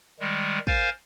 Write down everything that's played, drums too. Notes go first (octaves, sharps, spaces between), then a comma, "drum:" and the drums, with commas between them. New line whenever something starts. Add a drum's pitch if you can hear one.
D#3 G3 G#3
A#4 C5 F5 G#5 G6 A6, drum: kick